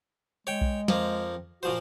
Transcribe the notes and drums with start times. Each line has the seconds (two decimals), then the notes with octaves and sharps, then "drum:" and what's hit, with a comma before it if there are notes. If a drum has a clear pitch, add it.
0.47 G#3 C#5 G5
0.61 drum: kick B1
0.88 F2 F3 A#3, drum: snare
1.63 A#2 F3 F#4 C5